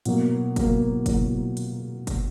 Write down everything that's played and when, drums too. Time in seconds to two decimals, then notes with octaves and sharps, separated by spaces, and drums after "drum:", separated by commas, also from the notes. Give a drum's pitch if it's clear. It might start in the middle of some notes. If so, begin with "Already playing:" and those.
0.05 B2 F#3 A#3, drum: hi-hat
0.56 B2 F#3 A#3, drum: kick, hi-hat
1.06 B2 F#3 A#3, drum: kick, hi-hat
1.57 drum: hi-hat
2.07 drum: kick, hi-hat